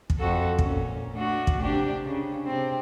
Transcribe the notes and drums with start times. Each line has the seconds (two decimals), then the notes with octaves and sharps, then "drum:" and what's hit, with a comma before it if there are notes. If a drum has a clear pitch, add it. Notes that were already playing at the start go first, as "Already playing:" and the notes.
0.10 drum: kick
0.19 F2 F#4 A4
0.59 A#2 C#4, drum: kick
1.13 A3 D4 F#4
1.47 drum: kick
1.61 C3 D4 G4
2.05 C#3
2.46 C3 C4